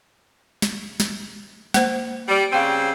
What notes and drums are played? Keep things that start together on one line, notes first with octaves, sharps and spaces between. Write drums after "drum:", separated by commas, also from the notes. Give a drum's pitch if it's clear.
drum: snare
drum: snare
A#3 C5, drum: snare
G3
C#3 G3 C4 F5 G5